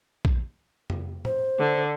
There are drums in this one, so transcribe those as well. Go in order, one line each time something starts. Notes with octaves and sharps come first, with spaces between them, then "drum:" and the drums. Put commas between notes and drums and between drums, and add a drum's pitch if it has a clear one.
drum: kick A#1
drum: tom F2
C5, drum: tom A2
D3